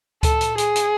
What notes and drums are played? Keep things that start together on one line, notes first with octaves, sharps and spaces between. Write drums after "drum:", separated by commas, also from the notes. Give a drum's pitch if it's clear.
A4, drum: kick C#2, hi-hat
drum: hi-hat
G#4, drum: hi-hat
drum: hi-hat